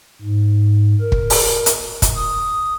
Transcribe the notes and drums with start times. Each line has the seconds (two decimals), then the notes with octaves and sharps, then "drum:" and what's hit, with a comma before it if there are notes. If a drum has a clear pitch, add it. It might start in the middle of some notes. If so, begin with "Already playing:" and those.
0.22 G#2
1.01 A#4
1.12 drum: kick
1.30 drum: open hi-hat
1.66 drum: hi-hat
2.02 drum: kick, hi-hat
2.15 D#6